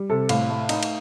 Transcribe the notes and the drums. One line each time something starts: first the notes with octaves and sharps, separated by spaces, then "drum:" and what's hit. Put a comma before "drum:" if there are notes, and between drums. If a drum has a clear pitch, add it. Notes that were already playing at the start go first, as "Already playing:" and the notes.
Already playing: G3
C3 A4
A2 F5, drum: cymbal
A3
D#4, drum: cymbal
drum: cymbal